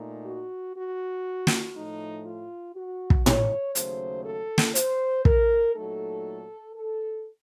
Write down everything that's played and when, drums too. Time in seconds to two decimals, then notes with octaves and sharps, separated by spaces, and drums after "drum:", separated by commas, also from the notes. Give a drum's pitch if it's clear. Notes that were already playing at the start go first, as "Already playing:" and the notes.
Already playing: A#2 A3 D#4
0.26 F#4
0.76 F#4
1.47 drum: snare
1.76 A2 F3 A3 D#4
2.26 F4
2.76 F#4
3.10 drum: kick
3.26 C#5, drum: tom A2
3.75 D#2 C#3 F#3 A3 C5, drum: hi-hat
4.26 A4
4.58 drum: snare
4.75 C5, drum: hi-hat
5.25 A#4, drum: kick
5.75 A#2 F#3 A3 D#4 A4
6.75 A4